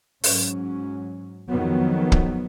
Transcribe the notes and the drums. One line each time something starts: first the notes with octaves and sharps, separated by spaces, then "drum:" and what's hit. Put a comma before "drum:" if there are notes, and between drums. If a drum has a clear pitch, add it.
G#2 F#3 C#4, drum: open hi-hat
F2 D#3 F#3 B3
drum: kick